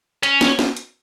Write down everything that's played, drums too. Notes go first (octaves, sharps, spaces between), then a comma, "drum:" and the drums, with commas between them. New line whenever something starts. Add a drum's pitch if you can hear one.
C#4, drum: hi-hat
drum: snare
drum: snare
drum: hi-hat